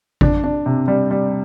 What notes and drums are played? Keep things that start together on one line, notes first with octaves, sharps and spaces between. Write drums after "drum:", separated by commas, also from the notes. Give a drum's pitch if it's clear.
D4, drum: kick G#1
D4
C3
G3
G3